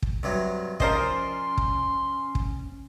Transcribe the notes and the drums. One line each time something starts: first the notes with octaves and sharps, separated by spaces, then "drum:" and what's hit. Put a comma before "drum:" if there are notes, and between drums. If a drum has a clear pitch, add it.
drum: kick
G2 C3 F#3
F3 C#4 D4 A#4 C5 D#5 C6, drum: kick
drum: kick
drum: kick